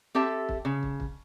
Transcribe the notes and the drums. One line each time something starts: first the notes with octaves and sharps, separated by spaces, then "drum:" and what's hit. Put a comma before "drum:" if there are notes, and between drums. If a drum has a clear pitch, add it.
C4 G4 A4 E5
drum: kick
C#3
drum: kick
drum: kick